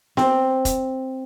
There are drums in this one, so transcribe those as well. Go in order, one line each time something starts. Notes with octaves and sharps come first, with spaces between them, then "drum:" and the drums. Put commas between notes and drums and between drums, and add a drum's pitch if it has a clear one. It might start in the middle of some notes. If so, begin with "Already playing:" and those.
C4, drum: snare B3
drum: kick F1, hi-hat